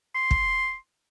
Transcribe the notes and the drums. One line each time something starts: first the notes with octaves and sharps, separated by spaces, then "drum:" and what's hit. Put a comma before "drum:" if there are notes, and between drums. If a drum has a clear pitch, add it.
C6
drum: kick